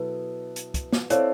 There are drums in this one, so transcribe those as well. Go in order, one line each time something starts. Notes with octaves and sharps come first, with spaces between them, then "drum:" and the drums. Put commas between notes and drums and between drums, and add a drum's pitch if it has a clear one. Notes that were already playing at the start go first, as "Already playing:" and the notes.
Already playing: B2 F#3 B3 E4 A4 B4
drum: hi-hat
drum: kick, hi-hat
drum: snare
C4 E4 A4 C#5 D5 F5, drum: hi-hat